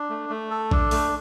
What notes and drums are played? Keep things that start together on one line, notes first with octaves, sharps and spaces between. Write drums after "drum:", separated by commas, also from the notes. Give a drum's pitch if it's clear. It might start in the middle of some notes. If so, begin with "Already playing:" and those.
Already playing: D4
A3
A3
A4
D4, drum: kick A#1
A3, drum: open hi-hat